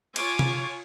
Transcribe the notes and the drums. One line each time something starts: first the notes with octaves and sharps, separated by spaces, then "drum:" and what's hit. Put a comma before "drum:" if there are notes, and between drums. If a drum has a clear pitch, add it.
F4 C#5 G#5 D6, drum: cymbal
drum: tom C3